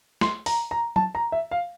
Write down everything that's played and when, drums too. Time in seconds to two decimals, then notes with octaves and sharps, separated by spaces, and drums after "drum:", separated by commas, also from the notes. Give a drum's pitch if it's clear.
0.21 C6, drum: snare
0.46 A#5, drum: open hi-hat
0.71 A#5
0.96 A5, drum: tom
1.15 A#5
1.32 E5
1.51 F5